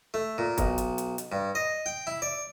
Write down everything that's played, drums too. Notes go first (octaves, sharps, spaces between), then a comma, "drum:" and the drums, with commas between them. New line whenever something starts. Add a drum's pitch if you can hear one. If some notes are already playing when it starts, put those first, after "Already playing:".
A3
A#2
B1, drum: kick, hi-hat
drum: hi-hat
drum: hi-hat
drum: hi-hat
G2
D#5
G5
E4
D5